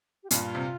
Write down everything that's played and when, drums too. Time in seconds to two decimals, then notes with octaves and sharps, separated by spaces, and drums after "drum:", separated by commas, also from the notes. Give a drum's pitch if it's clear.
0.23 G4
0.31 G2 A#2 F4, drum: hi-hat
0.55 C3